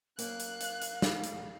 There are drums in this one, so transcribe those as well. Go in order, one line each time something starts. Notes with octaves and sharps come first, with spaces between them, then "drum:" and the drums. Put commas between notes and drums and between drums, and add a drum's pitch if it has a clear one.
F#2 A#3 F5 F#6, drum: hi-hat
drum: hi-hat
drum: hi-hat
drum: hi-hat
drum: snare
drum: hi-hat